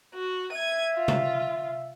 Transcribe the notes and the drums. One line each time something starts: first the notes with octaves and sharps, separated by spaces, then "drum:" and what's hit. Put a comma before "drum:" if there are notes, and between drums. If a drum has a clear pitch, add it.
F#4
E5 G#6 D#7
F4
drum: tom C3